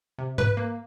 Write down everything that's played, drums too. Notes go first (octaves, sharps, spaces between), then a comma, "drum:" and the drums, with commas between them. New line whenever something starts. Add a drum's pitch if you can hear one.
C3
B4, drum: tom G#2
A#3